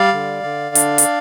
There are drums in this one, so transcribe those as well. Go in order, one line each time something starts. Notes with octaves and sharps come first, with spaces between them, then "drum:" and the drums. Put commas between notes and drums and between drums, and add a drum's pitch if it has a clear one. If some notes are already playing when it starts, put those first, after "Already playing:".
Already playing: G3 D5 F5
D3
D3
D4, drum: hi-hat
drum: hi-hat